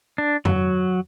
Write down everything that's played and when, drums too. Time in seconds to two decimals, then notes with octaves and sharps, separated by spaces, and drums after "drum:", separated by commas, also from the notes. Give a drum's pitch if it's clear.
0.18 D4
0.45 F#3, drum: tom F2